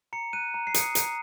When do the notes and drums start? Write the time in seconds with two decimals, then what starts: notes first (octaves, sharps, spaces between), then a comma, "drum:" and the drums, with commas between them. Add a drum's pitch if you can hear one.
0.13 A#5 C#7
0.33 F#6 D#7
0.54 A#5
0.67 C7
0.74 D#6 C#7, drum: hi-hat
0.95 A#5, drum: hi-hat